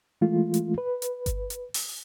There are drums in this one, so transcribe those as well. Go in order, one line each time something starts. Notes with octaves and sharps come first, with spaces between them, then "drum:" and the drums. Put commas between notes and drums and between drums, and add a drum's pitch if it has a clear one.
E3 G#3 A3 F4
drum: hi-hat
B4
drum: hi-hat
drum: kick G1, hi-hat
drum: hi-hat
drum: open hi-hat